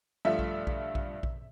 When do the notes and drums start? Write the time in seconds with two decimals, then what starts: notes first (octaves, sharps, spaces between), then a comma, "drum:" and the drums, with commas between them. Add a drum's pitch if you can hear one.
0.25 G2 F3 A3 E5
0.39 drum: kick A#1
0.67 drum: kick A#1
0.95 drum: kick A#1
1.23 drum: kick A#1